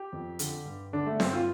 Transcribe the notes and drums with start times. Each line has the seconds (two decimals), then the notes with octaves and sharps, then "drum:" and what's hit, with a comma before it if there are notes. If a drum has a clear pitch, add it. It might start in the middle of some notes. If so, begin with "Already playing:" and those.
Already playing: G4
0.13 F2
0.39 D3, drum: hi-hat
0.65 G2
0.93 D3 D4
1.06 A3
1.20 G2 C4, drum: snare C4
1.33 F4